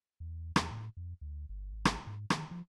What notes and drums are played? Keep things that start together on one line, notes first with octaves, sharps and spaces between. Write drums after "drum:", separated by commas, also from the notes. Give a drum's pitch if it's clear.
E2
E2, drum: rim click
A2
F2
D2
G1
G#1
drum: rim click
G#2
D#3, drum: rim click
F3